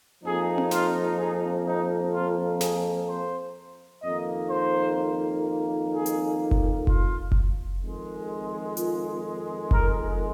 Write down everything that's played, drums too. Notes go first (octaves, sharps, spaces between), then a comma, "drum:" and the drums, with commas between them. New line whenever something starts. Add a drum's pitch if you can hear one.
F2 F3 A#3 D#4 G#4
drum: tom C4
F4, drum: snare
G#4
D#4
F4
G#4, drum: snare
C5
F2 D#3 A#3 D#4 D#5
C5
G#4
drum: hi-hat
drum: kick F#1
F4, drum: kick F#1
drum: kick F#1
F2 D#3 G#3
F4, drum: hi-hat
A#4, drum: kick F#1